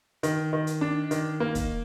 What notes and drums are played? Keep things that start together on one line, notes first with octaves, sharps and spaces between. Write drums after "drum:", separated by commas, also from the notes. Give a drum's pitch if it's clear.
D#3, drum: hi-hat
D#3
drum: hi-hat
D4
D#3, drum: hi-hat
A#3
drum: kick, hi-hat